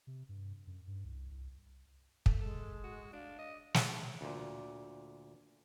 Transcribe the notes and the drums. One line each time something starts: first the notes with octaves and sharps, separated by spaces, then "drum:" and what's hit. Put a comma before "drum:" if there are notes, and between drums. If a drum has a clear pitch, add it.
C3
G2
F#2
G2
C2
C2
A3, drum: kick
G#3 A4
F#4
D4 F5
D#5
drum: snare
D2 A#2